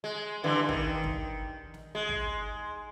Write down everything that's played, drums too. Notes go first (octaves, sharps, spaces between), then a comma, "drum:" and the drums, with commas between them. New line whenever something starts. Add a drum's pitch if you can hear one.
G#3
G2 D3 E3
D#3, drum: kick
drum: kick
drum: snare
G#3
drum: kick